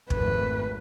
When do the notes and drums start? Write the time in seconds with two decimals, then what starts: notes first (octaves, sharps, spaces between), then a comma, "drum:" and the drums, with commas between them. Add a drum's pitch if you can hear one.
0.10 G#1 F2 A3 B4, drum: kick